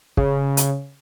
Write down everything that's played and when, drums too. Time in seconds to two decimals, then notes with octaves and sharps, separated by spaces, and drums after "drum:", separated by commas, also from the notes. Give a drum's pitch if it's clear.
0.17 C#3, drum: kick
0.57 drum: hi-hat